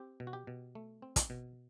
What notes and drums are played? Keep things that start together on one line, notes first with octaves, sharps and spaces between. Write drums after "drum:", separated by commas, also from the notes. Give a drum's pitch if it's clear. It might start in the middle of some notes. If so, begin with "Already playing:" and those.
Already playing: C4 G4
B2
F#4
G4
B2
A3
C4
drum: kick, hi-hat
B2